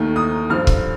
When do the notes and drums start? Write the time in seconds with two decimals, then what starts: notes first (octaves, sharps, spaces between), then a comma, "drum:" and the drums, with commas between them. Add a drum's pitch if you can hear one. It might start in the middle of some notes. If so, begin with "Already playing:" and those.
Already playing: D#2 D#3 A3
0.16 D#6
0.50 G2 D3 F3 F6
0.67 drum: kick